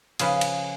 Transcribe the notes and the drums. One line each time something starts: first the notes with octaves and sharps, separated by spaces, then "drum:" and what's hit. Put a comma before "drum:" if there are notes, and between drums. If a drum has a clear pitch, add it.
C#3 F3 G#4 B4, drum: cymbal
drum: cymbal